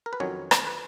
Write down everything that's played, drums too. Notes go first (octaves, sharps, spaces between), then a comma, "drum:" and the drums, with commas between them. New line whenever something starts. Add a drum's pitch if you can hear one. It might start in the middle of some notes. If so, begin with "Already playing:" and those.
A#4
B4
F2 D#3 F#3 C#4 C#5
drum: rim click
B4